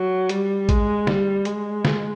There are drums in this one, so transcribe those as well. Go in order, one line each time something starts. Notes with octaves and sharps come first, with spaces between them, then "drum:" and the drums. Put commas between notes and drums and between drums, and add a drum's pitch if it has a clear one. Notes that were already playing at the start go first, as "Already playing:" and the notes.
Already playing: F#3
G3, drum: hi-hat
G#3, drum: kick A1, hi-hat
G3, drum: snare
G#3, drum: hi-hat
drum: snare